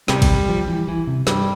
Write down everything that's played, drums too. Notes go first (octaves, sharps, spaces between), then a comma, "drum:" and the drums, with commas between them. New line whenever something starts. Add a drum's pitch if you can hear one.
C3 G3, drum: snare
drum: kick, cymbal
F3
E3
E3
C3
G2 G3, drum: snare